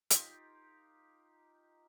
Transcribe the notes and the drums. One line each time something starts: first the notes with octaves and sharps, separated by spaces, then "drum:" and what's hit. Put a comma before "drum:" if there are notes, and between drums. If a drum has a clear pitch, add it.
D#4 F4 G4 A#4, drum: hi-hat